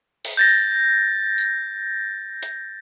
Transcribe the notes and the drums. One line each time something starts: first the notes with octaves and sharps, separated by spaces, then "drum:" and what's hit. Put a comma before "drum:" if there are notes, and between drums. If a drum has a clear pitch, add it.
drum: open hi-hat
G6 A6 A#6
drum: tambourine
drum: hi-hat